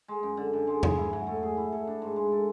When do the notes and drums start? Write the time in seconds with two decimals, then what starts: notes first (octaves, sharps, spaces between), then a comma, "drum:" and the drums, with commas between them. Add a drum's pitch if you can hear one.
0.08 G#3
0.23 F#2
0.37 D3
0.53 F#2
0.67 G#3
0.83 G#4, drum: tom E2
0.97 E4
1.13 F#3
1.27 A3
1.43 G#4
1.57 E4
1.72 A4
1.87 D4
2.02 G#2
2.16 G#3
2.32 A4